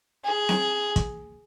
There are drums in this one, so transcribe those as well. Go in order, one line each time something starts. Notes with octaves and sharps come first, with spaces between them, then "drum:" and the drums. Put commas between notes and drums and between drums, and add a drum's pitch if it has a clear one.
G#4
drum: snare C4
drum: kick, hi-hat